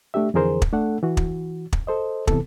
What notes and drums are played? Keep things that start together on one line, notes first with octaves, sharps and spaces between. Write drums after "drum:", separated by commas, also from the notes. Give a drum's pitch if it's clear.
A3 D4 G4 E5
F2 D3 E3 G#4 A#4 C5
drum: kick
A3 D4 A4 F#5
E3 F#4
drum: kick
drum: kick
A4 C5 D#5
C3 E3 B3 A4, drum: kick